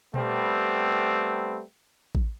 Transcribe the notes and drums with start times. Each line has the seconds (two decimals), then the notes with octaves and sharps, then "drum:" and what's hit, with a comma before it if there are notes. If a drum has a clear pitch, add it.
0.14 G3 A3 B3 C4, drum: tom A#2
2.15 drum: kick A1